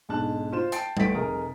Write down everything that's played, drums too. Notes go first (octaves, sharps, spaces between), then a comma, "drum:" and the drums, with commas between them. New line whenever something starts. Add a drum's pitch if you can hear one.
B1 G#2 D4 A5 F#6
F4 C5 E7
G5 A5 A6 C7 D7, drum: hi-hat
A1 A3 F#5 A6 B6 D7, drum: tom G3
F1 G#4 A#4 A#5 D#6